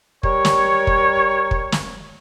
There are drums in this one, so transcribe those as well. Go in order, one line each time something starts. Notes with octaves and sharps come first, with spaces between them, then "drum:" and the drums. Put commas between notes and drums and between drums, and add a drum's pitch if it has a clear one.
G3 A#4 C#5, drum: kick
drum: snare
drum: kick
drum: kick
drum: snare